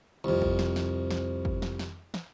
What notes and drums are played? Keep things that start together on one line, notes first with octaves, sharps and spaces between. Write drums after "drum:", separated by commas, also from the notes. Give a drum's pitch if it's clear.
C2 F2
drum: kick
drum: snare
drum: snare
drum: snare
drum: kick
drum: snare
drum: snare
drum: snare